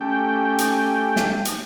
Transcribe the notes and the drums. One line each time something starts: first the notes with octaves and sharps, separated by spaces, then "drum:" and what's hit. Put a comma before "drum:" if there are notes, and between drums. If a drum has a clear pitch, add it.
A3 C#4 G4 G5
drum: hi-hat
drum: snare
drum: hi-hat